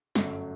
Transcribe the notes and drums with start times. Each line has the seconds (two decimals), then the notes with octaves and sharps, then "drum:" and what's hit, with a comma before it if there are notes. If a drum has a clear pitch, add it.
0.15 G1 F#2 F#3 A3, drum: snare